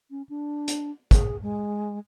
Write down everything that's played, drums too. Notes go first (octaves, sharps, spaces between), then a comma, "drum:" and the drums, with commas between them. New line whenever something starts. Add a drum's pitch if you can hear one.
C#4
D4
drum: hi-hat
G#4, drum: kick, hi-hat
G#3